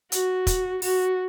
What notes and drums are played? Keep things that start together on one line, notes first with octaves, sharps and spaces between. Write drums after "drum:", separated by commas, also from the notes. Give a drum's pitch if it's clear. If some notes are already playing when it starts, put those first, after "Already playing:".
F#4, drum: hi-hat
drum: kick, hi-hat
F#4, drum: open hi-hat